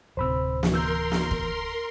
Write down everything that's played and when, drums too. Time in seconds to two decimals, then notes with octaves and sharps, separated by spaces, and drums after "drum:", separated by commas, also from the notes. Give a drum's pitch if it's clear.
0.17 D1 C3 C5 B5 E6
0.63 drum: snare
0.72 E3 A#4 C6 E6 G6
1.12 drum: snare
1.31 drum: kick